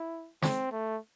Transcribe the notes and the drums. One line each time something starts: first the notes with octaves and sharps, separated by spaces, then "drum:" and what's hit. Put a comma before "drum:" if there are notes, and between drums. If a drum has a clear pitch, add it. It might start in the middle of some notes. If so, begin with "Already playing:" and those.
Already playing: E4
C4, drum: snare
A3